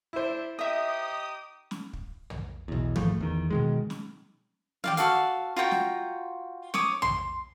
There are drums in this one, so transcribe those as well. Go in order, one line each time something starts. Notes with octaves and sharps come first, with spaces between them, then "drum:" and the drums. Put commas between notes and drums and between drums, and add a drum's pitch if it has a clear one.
D4 E4 C5 E5
D#4 G4 D#5 E5 D#6
drum: snare
drum: kick
drum: tom
B1 E2
G#1 F3 A3, drum: tom
E2 D#3
B2 D#3 G#3
drum: snare
G4 D5 F5, drum: tom
F#4 A4 F5, drum: hi-hat
F4 F#4 G5 A#5
drum: snare
C#5 D6 D#6, drum: snare
C6, drum: tom